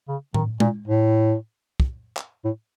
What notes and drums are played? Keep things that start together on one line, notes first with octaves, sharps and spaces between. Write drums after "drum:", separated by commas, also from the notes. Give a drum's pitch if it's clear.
C#3
D#3, drum: tom A2
A#2, drum: tom G#3
A2
drum: kick
drum: clap
A2